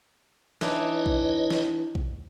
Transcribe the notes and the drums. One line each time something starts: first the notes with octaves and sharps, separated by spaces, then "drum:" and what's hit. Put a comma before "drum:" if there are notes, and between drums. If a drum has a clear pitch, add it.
E3 D4 D#4 B4 C#5 D#5, drum: snare
drum: kick B1
drum: snare
drum: kick B1